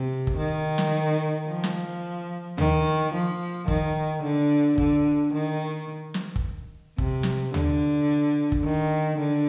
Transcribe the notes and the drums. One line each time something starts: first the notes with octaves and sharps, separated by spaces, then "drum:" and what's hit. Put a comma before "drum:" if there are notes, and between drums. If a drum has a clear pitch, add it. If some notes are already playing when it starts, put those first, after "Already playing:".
Already playing: C3
drum: kick
D#3
drum: snare
F3
drum: snare
D#3, drum: tom D2
F3
D#3, drum: kick
D3
D3, drum: kick
D#3
drum: snare
drum: kick
C3, drum: kick
drum: snare
D3, drum: tom D2
drum: kick
D#3
D3